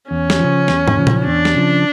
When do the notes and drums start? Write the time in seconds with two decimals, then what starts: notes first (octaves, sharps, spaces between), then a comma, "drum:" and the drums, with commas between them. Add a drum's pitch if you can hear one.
0.11 E2 C#4
0.30 drum: snare
0.39 C#3 F3
0.68 E2, drum: snare
0.88 drum: tom
0.98 C#3 F3
1.07 drum: tom A#2
1.26 E2 D4
1.45 drum: snare
1.55 C#3 F3